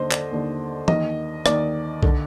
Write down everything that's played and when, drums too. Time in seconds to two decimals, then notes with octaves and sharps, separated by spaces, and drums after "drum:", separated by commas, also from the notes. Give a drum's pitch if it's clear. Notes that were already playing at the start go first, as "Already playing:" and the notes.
Already playing: D#2 D3 C5 D#5
0.11 D5, drum: clap
0.31 D#2 D3
0.88 D#2 D#3 D#5, drum: tom E3
1.46 D#2 D#3 D5, drum: rim click
2.03 D3, drum: kick B1